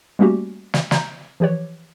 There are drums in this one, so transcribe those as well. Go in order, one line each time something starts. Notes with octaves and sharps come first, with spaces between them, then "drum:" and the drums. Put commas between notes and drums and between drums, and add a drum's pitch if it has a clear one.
G3 A3 A#3 C#4 F#4 G4
drum: snare
A#5 B5 G6, drum: snare
E3 F3 G4 B4 C#5